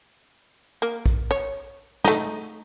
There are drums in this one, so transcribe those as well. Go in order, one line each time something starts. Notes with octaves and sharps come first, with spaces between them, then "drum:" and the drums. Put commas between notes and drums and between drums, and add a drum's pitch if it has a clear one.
A#3
drum: kick
C#5
A3 D#4, drum: snare